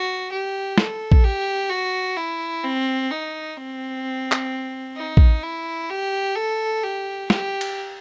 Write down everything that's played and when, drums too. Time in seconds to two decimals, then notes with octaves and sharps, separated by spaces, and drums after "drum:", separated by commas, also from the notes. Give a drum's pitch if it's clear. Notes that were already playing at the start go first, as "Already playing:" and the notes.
Already playing: F#4
0.31 G4
0.78 A4, drum: snare
1.12 drum: kick
1.24 G4
1.70 F#4
2.16 E4
2.64 C4
3.11 D#4
3.57 C4
4.32 drum: clap
4.96 D#4
5.17 drum: kick
5.43 E4
5.90 G4
6.36 A4
6.83 G4
7.30 G4, drum: snare
7.61 drum: cymbal